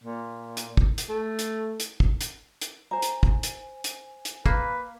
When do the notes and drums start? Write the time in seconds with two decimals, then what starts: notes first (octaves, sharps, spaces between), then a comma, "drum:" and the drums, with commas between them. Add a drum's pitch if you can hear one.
0.03 A#2
0.57 drum: hi-hat
0.77 drum: kick
0.98 drum: hi-hat
1.09 A3
1.39 drum: hi-hat
1.80 drum: hi-hat
2.00 drum: kick
2.21 drum: hi-hat
2.61 drum: hi-hat
2.91 C5 G#5 A#5
3.02 drum: hi-hat
3.23 drum: kick
3.43 drum: hi-hat
3.84 drum: hi-hat
4.25 drum: hi-hat
4.46 A#3 B4, drum: kick